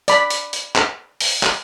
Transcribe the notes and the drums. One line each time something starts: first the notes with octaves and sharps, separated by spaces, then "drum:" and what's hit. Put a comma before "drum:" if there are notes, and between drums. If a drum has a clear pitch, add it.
D5 B5, drum: hi-hat
drum: hi-hat
drum: hi-hat
drum: clap
drum: open hi-hat
drum: clap